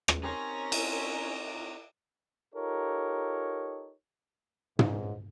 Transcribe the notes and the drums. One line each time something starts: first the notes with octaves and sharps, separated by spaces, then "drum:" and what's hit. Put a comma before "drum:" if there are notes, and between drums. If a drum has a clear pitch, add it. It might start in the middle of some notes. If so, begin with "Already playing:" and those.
drum: rim click
C4 C#4 D#4 G4 A#4 C5 C#5 A#5
drum: cymbal
D#4 F4 G4 A4 A#4 C#5
C#2 G#2, drum: tom